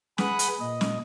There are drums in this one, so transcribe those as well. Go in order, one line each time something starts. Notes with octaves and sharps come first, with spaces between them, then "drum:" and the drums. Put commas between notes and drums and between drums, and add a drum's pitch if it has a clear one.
G#4 B4 F#5 B5 D#6 F#6, drum: snare
drum: hi-hat
A#2 D#5
drum: snare